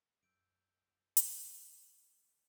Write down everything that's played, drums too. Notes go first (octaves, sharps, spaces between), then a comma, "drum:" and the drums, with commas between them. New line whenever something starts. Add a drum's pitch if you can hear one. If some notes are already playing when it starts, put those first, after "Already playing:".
F#2 E6 G6 D7
drum: hi-hat